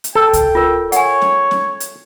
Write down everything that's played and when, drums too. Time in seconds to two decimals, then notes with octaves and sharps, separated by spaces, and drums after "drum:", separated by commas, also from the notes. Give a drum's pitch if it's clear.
0.04 drum: hi-hat
0.15 A4 G5
0.33 drum: kick C#2, hi-hat
0.55 F4 A#4
0.92 C#5 F#5 G#5, drum: hi-hat
1.22 drum: snare
1.51 drum: snare
1.80 drum: hi-hat